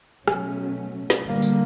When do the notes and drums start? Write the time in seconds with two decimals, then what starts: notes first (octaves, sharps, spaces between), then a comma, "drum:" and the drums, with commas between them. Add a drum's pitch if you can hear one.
0.28 B2 F#3 A3 C#4, drum: rim click
1.10 drum: snare
1.25 D3 G3 A#3
1.42 drum: tambourine